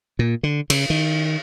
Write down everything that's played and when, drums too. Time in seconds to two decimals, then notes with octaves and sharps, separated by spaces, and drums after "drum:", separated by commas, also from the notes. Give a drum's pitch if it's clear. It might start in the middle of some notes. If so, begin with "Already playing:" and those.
0.19 A#2
0.43 D3
0.70 C#3, drum: cymbal
0.90 D#3